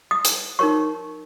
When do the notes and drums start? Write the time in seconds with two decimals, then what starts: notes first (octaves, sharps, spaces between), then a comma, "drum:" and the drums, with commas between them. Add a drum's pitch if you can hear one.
0.11 D#6
0.25 drum: hi-hat
0.59 D#4 A#4 C#5 C#6